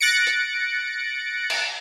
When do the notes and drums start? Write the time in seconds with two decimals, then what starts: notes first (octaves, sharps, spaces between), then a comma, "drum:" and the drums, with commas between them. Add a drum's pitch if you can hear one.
0.01 F#6 A6 A#6 C#7 D7
0.27 drum: hi-hat
1.50 drum: cymbal